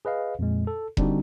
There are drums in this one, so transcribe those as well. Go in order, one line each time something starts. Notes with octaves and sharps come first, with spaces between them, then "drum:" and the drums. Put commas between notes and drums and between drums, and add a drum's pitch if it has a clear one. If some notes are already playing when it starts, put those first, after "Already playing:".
G#4 B4 D#5 F5
F2 A#2 G#3
A4
D3 G3 C4 D4 D#4 F#4, drum: kick E1